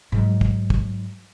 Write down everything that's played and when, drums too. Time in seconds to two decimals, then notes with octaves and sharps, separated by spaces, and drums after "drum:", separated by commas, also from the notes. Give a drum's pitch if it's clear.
0.12 G#2 F#3
0.41 drum: kick
0.70 drum: kick